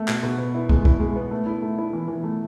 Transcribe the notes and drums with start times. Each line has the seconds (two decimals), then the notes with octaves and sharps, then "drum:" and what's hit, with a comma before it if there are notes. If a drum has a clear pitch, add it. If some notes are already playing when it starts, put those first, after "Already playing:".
Already playing: A3
0.08 B2, drum: clap
0.23 B2
0.38 B3
0.55 E4
0.69 G#3, drum: kick
0.85 E4, drum: kick
1.00 G#3
1.16 B3
1.31 A3
1.46 E4
1.62 A3
1.78 E4
1.93 E3
2.08 E3
2.24 A3